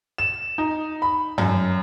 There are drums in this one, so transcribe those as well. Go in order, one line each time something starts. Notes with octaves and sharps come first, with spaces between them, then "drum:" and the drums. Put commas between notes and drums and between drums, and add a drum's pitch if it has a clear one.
E7
D#4
B5
F#2, drum: tom G2